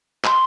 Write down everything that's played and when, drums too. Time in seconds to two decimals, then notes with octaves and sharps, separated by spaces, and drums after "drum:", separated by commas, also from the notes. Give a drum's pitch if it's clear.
0.24 C6, drum: clap